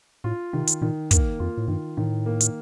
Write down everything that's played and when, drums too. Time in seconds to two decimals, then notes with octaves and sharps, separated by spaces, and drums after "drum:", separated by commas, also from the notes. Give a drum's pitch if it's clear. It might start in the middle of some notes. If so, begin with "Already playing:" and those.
0.24 A2 F4
0.53 C3 D#3
0.67 drum: hi-hat
0.81 A#2 D#3
1.11 G2 A#3, drum: kick, hi-hat
1.39 F2 F4
1.57 A2
1.68 G2 D#3
1.97 A2 D#3
2.26 A#3
2.41 drum: hi-hat